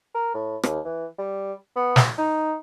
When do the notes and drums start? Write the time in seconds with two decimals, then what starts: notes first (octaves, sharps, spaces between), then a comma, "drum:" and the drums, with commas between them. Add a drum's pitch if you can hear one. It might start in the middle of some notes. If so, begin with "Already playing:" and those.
0.15 A#4
0.34 A2
0.63 D#2, drum: rim click
0.84 E3
1.18 G3
1.76 B3
1.96 drum: snare
2.18 D#4